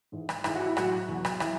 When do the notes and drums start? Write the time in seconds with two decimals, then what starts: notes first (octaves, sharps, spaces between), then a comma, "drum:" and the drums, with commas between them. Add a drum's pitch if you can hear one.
0.12 G#2 E3
0.29 drum: rim click
0.44 G#2 E3 E4, drum: rim click
0.55 F#4
0.66 E4
0.77 A2 F#3 F#4, drum: rim click
1.08 E2 B2 F#3
1.25 drum: rim click
1.40 F#3 E4, drum: rim click